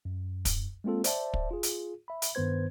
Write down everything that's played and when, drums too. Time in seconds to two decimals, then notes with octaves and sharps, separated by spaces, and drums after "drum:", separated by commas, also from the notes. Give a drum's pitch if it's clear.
0.05 F#2
0.45 drum: kick, hi-hat
0.84 G#3 A#3 C4 F4 A4
1.04 C5 D5 E5 A5, drum: hi-hat
1.34 drum: kick
1.51 F4 G#4
1.63 drum: hi-hat
2.08 E5 B5
2.22 drum: hi-hat
2.35 G2 D#3 B3 B4 C5 G#6